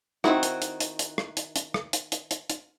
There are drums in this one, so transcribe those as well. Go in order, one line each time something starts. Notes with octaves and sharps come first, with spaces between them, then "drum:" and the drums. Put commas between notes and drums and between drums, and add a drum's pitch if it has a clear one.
D#3 G#3 C4 E4 F#4, drum: rim click
drum: hi-hat
drum: hi-hat
drum: hi-hat
drum: hi-hat
drum: rim click
drum: hi-hat
drum: hi-hat
drum: rim click
drum: hi-hat
drum: hi-hat
drum: hi-hat
drum: hi-hat